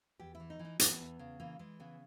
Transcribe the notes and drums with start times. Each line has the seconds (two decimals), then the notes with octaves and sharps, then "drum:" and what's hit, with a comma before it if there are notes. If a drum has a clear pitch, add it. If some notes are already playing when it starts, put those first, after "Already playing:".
0.19 E2 G4
0.35 E4
0.40 E3
0.50 D#4
0.59 E3
0.65 D#4
0.79 E3 B3, drum: hi-hat
0.99 E2
1.19 C#3
1.40 E3 A#3
1.59 E3 G#3
1.80 C#3 B3